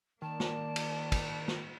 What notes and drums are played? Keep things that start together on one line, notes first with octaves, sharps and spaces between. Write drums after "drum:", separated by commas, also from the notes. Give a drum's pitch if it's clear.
D#3 A#3 D5 A5
drum: snare
drum: cymbal
drum: kick, cymbal
drum: snare